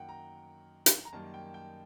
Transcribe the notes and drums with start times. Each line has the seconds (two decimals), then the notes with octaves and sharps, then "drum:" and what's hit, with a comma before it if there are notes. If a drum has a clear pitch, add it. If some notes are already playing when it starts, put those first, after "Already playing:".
Already playing: F#2 D#3 F#3 A#3 A#4 F#5 G5
0.09 A#5
0.86 drum: hi-hat
1.05 A#5
1.13 F#2 D#3 G3 A#3 A5
1.34 G5
1.54 G5